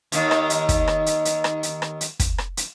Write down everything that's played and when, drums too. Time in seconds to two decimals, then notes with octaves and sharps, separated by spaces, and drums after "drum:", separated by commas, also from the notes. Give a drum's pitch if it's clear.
0.12 D#2 D#3, drum: hi-hat
0.31 drum: rim click
0.50 drum: hi-hat
0.69 drum: kick, hi-hat
0.88 drum: rim click
1.06 drum: hi-hat
1.25 drum: hi-hat
1.44 drum: rim click
1.63 drum: hi-hat
1.82 drum: rim click
2.01 drum: hi-hat
2.20 drum: kick, hi-hat
2.38 drum: rim click
2.57 drum: hi-hat